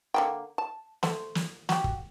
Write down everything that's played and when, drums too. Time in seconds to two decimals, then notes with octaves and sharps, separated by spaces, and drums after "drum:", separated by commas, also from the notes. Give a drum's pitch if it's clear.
0.14 D3 A#3 G5
0.58 A5
1.03 A3 C5, drum: snare
1.35 drum: snare
1.69 F#4 G4, drum: snare
1.84 drum: kick